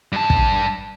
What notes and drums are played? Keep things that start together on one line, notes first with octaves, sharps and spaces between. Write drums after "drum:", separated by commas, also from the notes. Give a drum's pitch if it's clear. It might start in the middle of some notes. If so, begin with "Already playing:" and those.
G2 A5
drum: kick